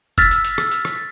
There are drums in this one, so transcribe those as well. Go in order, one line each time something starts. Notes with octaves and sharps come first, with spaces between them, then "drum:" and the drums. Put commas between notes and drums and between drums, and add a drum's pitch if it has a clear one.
E6 F6 A6 B6, drum: kick, hi-hat
drum: hi-hat
drum: hi-hat
drum: rim click
drum: hi-hat
drum: rim click